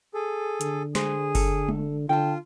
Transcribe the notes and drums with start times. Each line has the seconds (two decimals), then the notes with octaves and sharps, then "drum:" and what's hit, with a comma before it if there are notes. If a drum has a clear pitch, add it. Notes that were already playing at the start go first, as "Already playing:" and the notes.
0.14 G#4 A4
0.61 D3, drum: hi-hat
0.95 G#4 C5, drum: snare
1.35 A4, drum: kick F#1, open hi-hat
1.69 drum: tom G#3
2.09 D3 F4 G5 A5